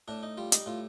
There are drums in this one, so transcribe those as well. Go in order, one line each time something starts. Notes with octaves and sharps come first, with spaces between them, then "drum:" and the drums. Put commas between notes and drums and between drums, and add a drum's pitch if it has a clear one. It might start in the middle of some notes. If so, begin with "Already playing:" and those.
A2 D4
D#4
G3 F4
D#4, drum: hi-hat
A2 F4